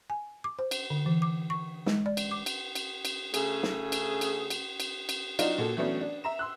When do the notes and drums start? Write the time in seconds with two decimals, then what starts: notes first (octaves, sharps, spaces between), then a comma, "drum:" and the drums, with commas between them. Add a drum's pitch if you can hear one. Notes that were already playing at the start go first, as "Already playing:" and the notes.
0.10 G#5
0.44 D6
0.59 C5
0.71 drum: cymbal
0.90 D3
1.06 E3
1.22 D6
1.50 C#6
1.86 G#3, drum: snare
2.06 D5
2.17 drum: cymbal
2.31 D6
2.46 drum: cymbal
2.75 drum: cymbal
3.05 drum: cymbal
3.34 C#3 A3 G#4, drum: cymbal
3.63 drum: snare
3.92 drum: cymbal
4.21 drum: cymbal
4.50 drum: cymbal
4.80 drum: cymbal
5.09 drum: cymbal
5.39 F#3 D4 D#4 F4 F#4, drum: cymbal
5.58 A#2 F#4 A4
5.77 E3 F#3 A3 B3 C#4 D4
6.01 D4
6.24 E5 A#5 E7
6.39 C6 E6 F#6